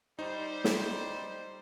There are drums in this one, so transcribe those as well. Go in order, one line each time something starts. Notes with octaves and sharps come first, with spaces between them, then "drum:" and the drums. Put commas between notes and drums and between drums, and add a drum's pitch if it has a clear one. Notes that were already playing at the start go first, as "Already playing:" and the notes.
G3 D#4 C5
drum: snare